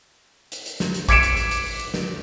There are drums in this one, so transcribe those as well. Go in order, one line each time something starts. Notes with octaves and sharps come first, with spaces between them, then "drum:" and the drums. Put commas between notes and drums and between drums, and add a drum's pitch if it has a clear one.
drum: hi-hat
drum: hi-hat
drum: snare
drum: hi-hat
D6 G#6 B6 C#7 D7 E7, drum: kick A1, hi-hat
drum: hi-hat
drum: hi-hat
drum: hi-hat
drum: open hi-hat
drum: hi-hat
drum: snare